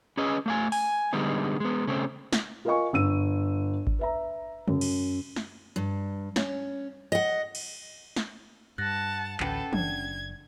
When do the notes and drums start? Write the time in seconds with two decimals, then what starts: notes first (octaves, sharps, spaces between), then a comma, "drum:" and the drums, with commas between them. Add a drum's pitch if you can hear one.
0.17 C#4 G#4 B4 D#5
0.46 A3 F5 G#5
0.72 G#5, drum: open hi-hat
1.13 D3 G3 G#3 B3 D#4
1.60 G#3 B3
1.87 C#3 A3 C4
2.33 drum: snare
2.65 F4 A#4 D#5 F5 G#5 C#6
2.93 G1 E6 D#7
3.87 drum: kick G#1
3.99 B4 E5 A#5
4.68 F#2, drum: tom
4.81 drum: cymbal
5.36 drum: snare
5.76 G2
6.36 C#4, drum: snare
7.12 D#5 F#5
7.55 drum: cymbal
8.16 drum: snare
8.78 G2 F#5 A5 F#6 A6 A#6
9.40 A1 D2 C#4 A4 B4 F#5 G5, drum: clap
9.73 F#1 D4 G#6, drum: tom